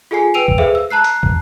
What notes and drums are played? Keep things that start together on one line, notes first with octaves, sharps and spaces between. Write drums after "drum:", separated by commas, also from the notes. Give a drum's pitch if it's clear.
F4 G#4 A4 G#5 C7
B4 G5 E6 D7 D#7 F7
drum: kick
G#4 A4 B4 C5 E5 F5
E6
A5 A#5 F#6 C7
drum: hi-hat
drum: kick